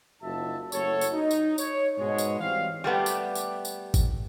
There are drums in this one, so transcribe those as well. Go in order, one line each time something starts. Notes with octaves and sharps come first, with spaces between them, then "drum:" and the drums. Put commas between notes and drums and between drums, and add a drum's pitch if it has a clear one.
F#1 D#4 F4 F#4 E5 A5
F#1 A3 E4 F#4 A4 C#5, drum: tambourine
drum: tambourine
D#4
drum: tambourine
C#5, drum: tambourine
G#2 B2 G#3 C#5
drum: tambourine
E3 G3 C4 C5 F5
G3 A3 B3 G4
drum: tambourine
drum: tambourine
drum: tambourine
drum: kick G#1, tambourine